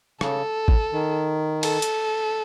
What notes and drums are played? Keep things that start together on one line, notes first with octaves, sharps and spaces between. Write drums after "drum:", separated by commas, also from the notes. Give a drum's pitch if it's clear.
C#3 A4, drum: rim click
drum: kick G#1
D#3
A4, drum: cymbal
drum: hi-hat